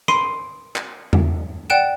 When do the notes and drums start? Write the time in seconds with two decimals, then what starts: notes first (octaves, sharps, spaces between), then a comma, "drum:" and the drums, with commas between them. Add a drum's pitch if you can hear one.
0.08 B5 C6 C7 D#7, drum: rim click
0.76 drum: clap
1.13 drum: tom E2
1.70 D5 F#5 G5 F#6 D7 E7